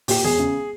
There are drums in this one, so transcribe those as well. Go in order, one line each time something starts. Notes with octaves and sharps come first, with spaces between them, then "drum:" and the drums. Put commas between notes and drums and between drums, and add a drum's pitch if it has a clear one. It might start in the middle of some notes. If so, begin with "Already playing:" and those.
A#2 G4, drum: open hi-hat
E1 G#4
C#3